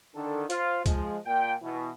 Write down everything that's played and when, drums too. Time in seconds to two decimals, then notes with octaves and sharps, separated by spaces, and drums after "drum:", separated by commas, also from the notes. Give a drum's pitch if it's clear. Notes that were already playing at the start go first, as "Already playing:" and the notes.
0.15 D3 D#3 D4 A4
0.50 F4 C5, drum: hi-hat
0.86 F3 G#3, drum: kick C#2, hi-hat
1.26 A#2 G5
1.63 B2 E3